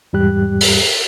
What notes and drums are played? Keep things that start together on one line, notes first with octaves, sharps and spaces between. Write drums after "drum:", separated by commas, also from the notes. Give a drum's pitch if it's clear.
E2 G#2 G3 G4 F#6
drum: open hi-hat